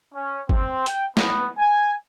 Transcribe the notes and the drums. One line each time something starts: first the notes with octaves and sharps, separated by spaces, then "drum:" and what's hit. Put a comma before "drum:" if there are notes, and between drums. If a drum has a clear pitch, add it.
C#4
C4, drum: kick
G5, drum: hi-hat
B3, drum: snare
G#5